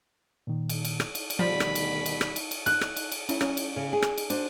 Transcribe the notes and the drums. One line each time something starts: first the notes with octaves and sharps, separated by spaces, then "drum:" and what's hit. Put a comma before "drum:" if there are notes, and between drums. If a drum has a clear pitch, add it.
A#2 D#3
drum: cymbal
drum: cymbal
drum: rim click
drum: cymbal
drum: cymbal
D2 B2 D#3 F3 G3 B5
drum: rim click
drum: cymbal
drum: cymbal
drum: rim click
drum: cymbal
drum: cymbal
F#6, drum: cymbal
drum: rim click
drum: cymbal
drum: cymbal
C#4 E4, drum: cymbal
C#4, drum: rim click
drum: cymbal
C#3
G#4
drum: rim click
drum: cymbal
D4 F#4 C5, drum: cymbal